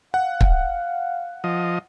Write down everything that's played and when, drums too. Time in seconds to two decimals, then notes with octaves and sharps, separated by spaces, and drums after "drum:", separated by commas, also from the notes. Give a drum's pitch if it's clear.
0.14 F5 F#5
0.41 drum: kick
1.44 F3 D#5